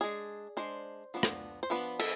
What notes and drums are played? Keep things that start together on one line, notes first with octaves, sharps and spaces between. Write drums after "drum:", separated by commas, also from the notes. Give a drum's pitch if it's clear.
G#3 D4 G#4
G#3 D4 C5
F3 B3 D4
drum: rim click
C5
F3 B3 D4 B4
A4, drum: cymbal